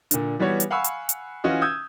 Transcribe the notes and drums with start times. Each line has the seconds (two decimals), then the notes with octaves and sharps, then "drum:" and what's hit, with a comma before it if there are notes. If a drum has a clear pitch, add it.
0.11 A#2 D3, drum: hi-hat
0.39 E3 G3 B3 F#4 C#5
0.60 drum: hi-hat
0.70 F5 F#5 G#5 B5 C#6 E6
0.84 drum: hi-hat
1.09 drum: hi-hat
1.44 E3 C#4 F4 F#4 D#5
1.62 D#6 E6 G6 G#6